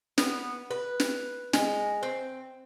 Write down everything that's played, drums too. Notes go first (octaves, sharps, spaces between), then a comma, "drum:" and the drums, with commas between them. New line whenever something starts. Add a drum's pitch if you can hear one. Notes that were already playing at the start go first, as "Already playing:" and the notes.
B3, drum: snare
B4
drum: snare
G#3, drum: snare
C4